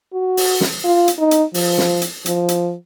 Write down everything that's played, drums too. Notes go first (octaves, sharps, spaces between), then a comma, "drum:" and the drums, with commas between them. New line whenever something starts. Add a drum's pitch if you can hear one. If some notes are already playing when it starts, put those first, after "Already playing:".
F#4
drum: open hi-hat
drum: snare
F4
drum: hi-hat
D#4
drum: hi-hat
F3, drum: open hi-hat
drum: snare
drum: hi-hat
F3, drum: hi-hat
drum: hi-hat